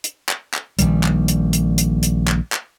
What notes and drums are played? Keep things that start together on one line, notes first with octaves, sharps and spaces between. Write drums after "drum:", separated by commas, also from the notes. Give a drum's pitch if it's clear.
drum: hi-hat
drum: clap
drum: clap
A#1 D#3 G3, drum: hi-hat
drum: clap
drum: hi-hat
drum: hi-hat
drum: hi-hat
drum: hi-hat
drum: clap
drum: clap